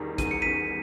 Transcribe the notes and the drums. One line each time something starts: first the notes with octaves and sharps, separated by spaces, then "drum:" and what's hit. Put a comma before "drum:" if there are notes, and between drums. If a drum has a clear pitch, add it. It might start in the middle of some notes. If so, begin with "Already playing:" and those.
Already playing: E2 D#3 G3
E2 D#7, drum: kick A1, hi-hat
C#7
E2 B6 D#7